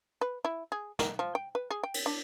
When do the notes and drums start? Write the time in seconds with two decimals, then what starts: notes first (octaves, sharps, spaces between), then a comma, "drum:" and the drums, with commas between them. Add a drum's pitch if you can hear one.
0.21 B4
0.45 E4
0.72 G#4
0.99 A#3, drum: snare
1.19 F3
1.35 G5
1.55 B4
1.71 G#4
1.83 G5
1.94 drum: cymbal
2.06 D4